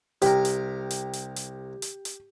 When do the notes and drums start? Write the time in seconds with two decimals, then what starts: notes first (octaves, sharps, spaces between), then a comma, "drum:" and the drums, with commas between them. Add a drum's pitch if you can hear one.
0.22 C2 G4 A#4, drum: hi-hat
0.45 drum: hi-hat
0.91 drum: hi-hat
1.13 drum: hi-hat
1.36 drum: hi-hat
1.82 drum: hi-hat
2.05 drum: hi-hat